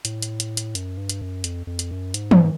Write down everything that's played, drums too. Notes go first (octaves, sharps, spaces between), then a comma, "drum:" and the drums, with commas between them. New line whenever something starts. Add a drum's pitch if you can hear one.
A2, drum: hi-hat
drum: hi-hat
drum: hi-hat
drum: hi-hat
F#2, drum: hi-hat
G2
drum: hi-hat
F#2
F2, drum: hi-hat
F2
drum: hi-hat
F#2
G#2, drum: hi-hat
drum: tom